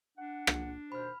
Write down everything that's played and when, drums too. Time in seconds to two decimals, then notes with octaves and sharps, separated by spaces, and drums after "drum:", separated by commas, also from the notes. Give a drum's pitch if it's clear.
0.18 D4 F#5
0.47 drum: rim click
0.92 D#2 B2 C5 B5 F6